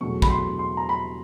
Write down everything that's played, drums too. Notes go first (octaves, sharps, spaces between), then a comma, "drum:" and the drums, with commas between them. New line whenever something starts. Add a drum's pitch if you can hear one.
E2 B2 F#3 A3 C#6
B5, drum: kick
C6
C6
A#5
B5